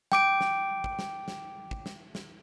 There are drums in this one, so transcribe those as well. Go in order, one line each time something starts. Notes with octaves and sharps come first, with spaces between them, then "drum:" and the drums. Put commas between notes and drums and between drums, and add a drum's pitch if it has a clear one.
G5 D6 D7, drum: snare
drum: snare
drum: kick
drum: snare
drum: snare
drum: kick
drum: snare
drum: snare